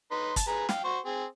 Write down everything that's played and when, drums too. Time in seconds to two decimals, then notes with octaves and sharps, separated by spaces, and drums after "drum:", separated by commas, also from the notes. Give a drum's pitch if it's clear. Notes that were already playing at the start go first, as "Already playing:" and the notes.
0.11 D#4 B4 C6
0.36 A5, drum: kick, hi-hat
0.47 G#4 B4 A#5
0.69 F5 G5, drum: snare
0.84 F#4 C5 C#6
1.05 C4 G#4